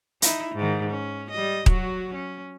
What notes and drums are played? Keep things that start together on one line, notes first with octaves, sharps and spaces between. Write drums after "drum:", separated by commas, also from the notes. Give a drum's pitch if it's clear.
D#4 E4, drum: hi-hat
G#2 D#3
C#4
G3 D#5
F#3 F#4, drum: kick D#1
C#4